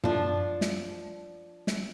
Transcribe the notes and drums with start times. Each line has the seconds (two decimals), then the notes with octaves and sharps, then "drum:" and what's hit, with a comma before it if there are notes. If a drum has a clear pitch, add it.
0.04 F3 D4, drum: tom
0.61 drum: snare
1.67 drum: snare